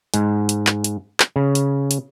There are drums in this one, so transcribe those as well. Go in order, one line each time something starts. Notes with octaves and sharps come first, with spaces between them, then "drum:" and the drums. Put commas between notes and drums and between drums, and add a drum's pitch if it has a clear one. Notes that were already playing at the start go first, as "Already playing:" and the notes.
G#2, drum: hi-hat
drum: hi-hat
drum: clap
drum: hi-hat
drum: clap
C#3
drum: hi-hat
drum: hi-hat